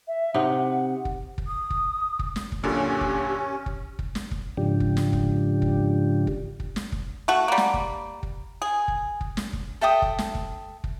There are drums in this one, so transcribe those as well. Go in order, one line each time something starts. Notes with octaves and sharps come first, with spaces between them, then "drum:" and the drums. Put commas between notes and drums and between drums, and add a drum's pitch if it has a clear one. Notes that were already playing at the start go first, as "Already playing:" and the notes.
E5
C3 D#4 F#5
drum: kick
drum: kick
D#6
drum: kick
drum: kick
drum: snare
drum: kick
F#2 A#2 D3 C#4 G4
drum: kick
drum: kick
drum: kick
drum: snare
drum: kick
G#2 C#3 F3 D4 G4
drum: kick
drum: snare
drum: kick
drum: kick
drum: kick
drum: kick
drum: snare
drum: kick
A3 F#4
G3 A#3
drum: snare
drum: kick
drum: kick
G#4
drum: kick
drum: kick
drum: snare
drum: kick
A4 E5 G5 D#6
drum: kick
drum: snare
drum: kick
drum: kick